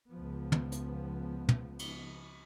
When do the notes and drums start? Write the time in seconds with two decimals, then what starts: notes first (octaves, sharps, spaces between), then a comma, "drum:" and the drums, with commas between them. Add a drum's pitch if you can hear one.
0.11 C#2 F3 B3
0.52 drum: tom
0.72 drum: hi-hat
1.49 drum: tom
1.79 drum: cymbal